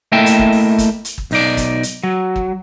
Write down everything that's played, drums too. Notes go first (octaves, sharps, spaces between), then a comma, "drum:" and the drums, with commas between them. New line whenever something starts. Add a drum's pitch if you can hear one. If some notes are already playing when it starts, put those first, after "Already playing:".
A3 A#3 E4 D#5 E5 G5
drum: hi-hat
drum: kick
drum: open hi-hat
drum: kick, hi-hat
drum: hi-hat
drum: kick
B1 D#4 D5, drum: open hi-hat
drum: kick, hi-hat
drum: hi-hat
F#3
drum: kick